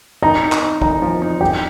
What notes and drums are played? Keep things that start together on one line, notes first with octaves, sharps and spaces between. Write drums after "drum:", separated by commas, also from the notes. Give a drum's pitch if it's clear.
D#4 A#5
D#4
drum: clap
D#4
D#4 A#5, drum: kick
F3
D#4
G4 G5